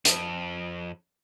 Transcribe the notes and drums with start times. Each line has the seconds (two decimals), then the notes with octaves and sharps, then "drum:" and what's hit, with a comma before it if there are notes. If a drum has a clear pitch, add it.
0.05 F2, drum: hi-hat